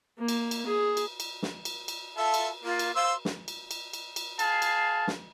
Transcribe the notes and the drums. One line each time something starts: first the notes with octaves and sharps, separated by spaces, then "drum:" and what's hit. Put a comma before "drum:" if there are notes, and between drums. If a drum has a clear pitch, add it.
A#3
drum: cymbal
drum: cymbal
G#4
drum: cymbal
drum: cymbal
drum: snare
drum: cymbal
drum: cymbal
F4 A4 E5 A5
drum: cymbal
A#3 F4
drum: cymbal
C5 F5 C6 E6
drum: snare
drum: cymbal
drum: cymbal
drum: cymbal
drum: cymbal
G#4 F5 A5, drum: cymbal
drum: cymbal
drum: snare